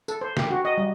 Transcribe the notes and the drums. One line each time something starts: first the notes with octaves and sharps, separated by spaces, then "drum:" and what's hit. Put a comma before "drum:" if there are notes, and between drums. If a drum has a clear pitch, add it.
A4, drum: tambourine
C5
G4, drum: snare
F#4
D#5
G3